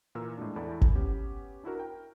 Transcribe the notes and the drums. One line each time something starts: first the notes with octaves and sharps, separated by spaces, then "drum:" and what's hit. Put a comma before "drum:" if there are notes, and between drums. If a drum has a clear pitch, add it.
A#2 E3 A#4 E6
A2 G#3 D4
E2 E4 A4 D5 B5
drum: kick G1
B3 C#4 G4
D4 E4 F#4 A#4
A#4 G5